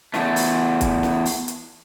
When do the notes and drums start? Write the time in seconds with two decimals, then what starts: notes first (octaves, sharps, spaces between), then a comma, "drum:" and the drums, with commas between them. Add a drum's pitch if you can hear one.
0.14 E2 A3, drum: snare
0.36 drum: open hi-hat
0.81 drum: kick, hi-hat
1.03 drum: snare
1.25 drum: open hi-hat
1.48 drum: hi-hat